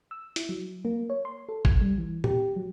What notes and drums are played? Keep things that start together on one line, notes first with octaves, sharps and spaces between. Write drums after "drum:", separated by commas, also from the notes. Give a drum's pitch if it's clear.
E6
E4, drum: hi-hat
F#3
A#3
C#5
C6
A4
G#6, drum: kick
G3
E3
G4, drum: tom A#2
F#3